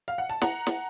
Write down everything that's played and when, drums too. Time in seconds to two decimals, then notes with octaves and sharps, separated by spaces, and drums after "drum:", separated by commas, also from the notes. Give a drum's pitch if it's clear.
0.08 F5
0.18 F#5
0.30 A5
0.42 F#5 A#5, drum: snare
0.67 drum: snare